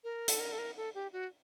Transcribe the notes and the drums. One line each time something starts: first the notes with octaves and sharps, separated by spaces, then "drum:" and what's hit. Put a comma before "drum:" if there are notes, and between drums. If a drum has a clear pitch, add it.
A#4
A4, drum: hi-hat
A#4
A4
A#4
A4
G4
F#4